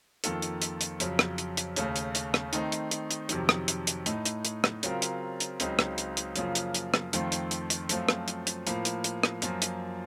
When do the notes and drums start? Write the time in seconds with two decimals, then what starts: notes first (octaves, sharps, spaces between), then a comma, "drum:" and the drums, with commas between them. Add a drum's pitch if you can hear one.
0.24 F2 D#3 A#3 F4 A4, drum: hi-hat
0.42 drum: hi-hat
0.62 drum: hi-hat
0.81 drum: hi-hat
1.00 F2 C#3 F#3, drum: hi-hat
1.19 drum: rim click
1.38 drum: hi-hat
1.57 drum: hi-hat
1.76 D#2 C#3 A3, drum: hi-hat
1.96 drum: hi-hat
2.15 drum: hi-hat
2.34 drum: rim click
2.53 D#3 A3 C4 D#4, drum: hi-hat
2.72 drum: hi-hat
2.91 drum: hi-hat
3.11 drum: hi-hat
3.29 F2 C3 D#3 F#3, drum: hi-hat
3.49 drum: rim click
3.68 drum: hi-hat
3.87 drum: hi-hat
4.06 A2 A3 D#4, drum: hi-hat
4.25 drum: hi-hat
4.45 drum: hi-hat
4.64 drum: rim click
4.83 C#3 F#3 C4 F4 A#4, drum: hi-hat
5.02 drum: hi-hat
5.40 drum: hi-hat
5.60 C#2 C#3 F#3 C4 D#4, drum: hi-hat
5.79 drum: rim click
5.98 drum: hi-hat
6.17 drum: hi-hat
6.36 F#2 C#3 F3 A#3 F4, drum: hi-hat
6.55 drum: hi-hat
6.74 drum: hi-hat
6.94 drum: rim click
7.13 F2 D#3 A3 C4 F4, drum: hi-hat
7.32 drum: hi-hat
7.51 drum: hi-hat
7.70 drum: hi-hat
7.89 F#2 F3 A3 C4 F4, drum: hi-hat
8.09 drum: rim click
8.28 drum: hi-hat
8.47 drum: hi-hat
8.67 A2 F3 A#3, drum: hi-hat
8.85 drum: hi-hat
9.04 drum: hi-hat
9.23 drum: rim click
9.42 F#2 F3 A#3 F4, drum: hi-hat
9.62 drum: hi-hat